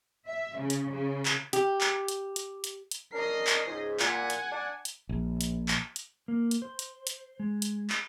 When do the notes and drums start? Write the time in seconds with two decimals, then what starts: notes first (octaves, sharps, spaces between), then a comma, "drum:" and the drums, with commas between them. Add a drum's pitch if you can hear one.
0.27 E5
0.58 C#3
0.70 drum: hi-hat
0.92 C#3
1.25 drum: clap
1.53 G4, drum: hi-hat
1.81 drum: clap
2.08 drum: hi-hat
2.36 drum: hi-hat
2.64 drum: hi-hat
2.91 drum: hi-hat
3.13 C#4 D4 A#4 D#5 C7
3.47 drum: clap
3.66 C#2 G#2
4.00 A#2 F#5 G#5, drum: clap
4.30 drum: hi-hat
4.51 D4
4.85 drum: hi-hat
5.09 A#1
5.41 drum: hi-hat
5.68 drum: clap
5.96 drum: hi-hat
6.28 A#3
6.51 drum: hi-hat
6.62 C5
6.79 drum: hi-hat
7.07 drum: hi-hat
7.40 G#3
7.62 drum: hi-hat
7.90 drum: clap